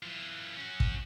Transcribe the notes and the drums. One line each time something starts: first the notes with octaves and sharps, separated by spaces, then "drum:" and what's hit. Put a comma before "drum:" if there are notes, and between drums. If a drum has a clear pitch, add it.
E3 F4
C#4 F#4
drum: kick